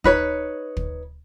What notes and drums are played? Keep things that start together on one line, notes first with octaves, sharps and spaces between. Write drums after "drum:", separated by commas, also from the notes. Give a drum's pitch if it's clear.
D#4 B4 C#5, drum: kick
drum: kick